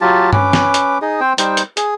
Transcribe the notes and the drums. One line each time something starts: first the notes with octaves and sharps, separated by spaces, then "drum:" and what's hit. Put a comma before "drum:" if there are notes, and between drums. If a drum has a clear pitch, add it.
F#3 F4 G4 A5
C#4 B4 D6, drum: tom G2
drum: snare
drum: hi-hat
D#4 G#4 D#5
C4 C5 G5
G3 D#4 C5 G5, drum: hi-hat
drum: hi-hat
G#4, drum: hi-hat